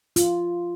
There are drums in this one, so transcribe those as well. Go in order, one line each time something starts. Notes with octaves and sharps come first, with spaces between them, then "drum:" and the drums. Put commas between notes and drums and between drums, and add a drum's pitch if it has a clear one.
F4, drum: hi-hat